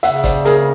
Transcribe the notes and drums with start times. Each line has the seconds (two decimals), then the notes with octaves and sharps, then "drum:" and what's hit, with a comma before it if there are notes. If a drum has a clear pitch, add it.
0.03 C#3 E5 F#5, drum: hi-hat
0.24 C5 D5, drum: kick, hi-hat
0.45 G#4 A#4, drum: hi-hat